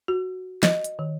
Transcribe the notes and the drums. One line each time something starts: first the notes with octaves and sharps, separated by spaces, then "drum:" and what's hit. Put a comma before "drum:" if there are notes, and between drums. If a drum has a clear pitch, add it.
F#4
D#5, drum: snare
drum: hi-hat
D#3